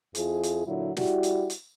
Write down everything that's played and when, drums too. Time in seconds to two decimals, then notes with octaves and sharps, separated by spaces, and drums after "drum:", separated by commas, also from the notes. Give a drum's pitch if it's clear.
0.15 F2 F3 E4 G#4, drum: hi-hat
0.43 drum: hi-hat
0.66 A#2 D3 F#3 E4
0.97 G3 E4 F#4, drum: snare
1.23 drum: hi-hat
1.50 drum: hi-hat